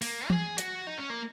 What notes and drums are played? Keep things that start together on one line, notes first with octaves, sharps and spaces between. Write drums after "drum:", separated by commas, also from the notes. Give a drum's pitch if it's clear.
A#3, drum: open hi-hat
G#4, drum: tom E3
F#4, drum: hi-hat
D#4
C#4
A#3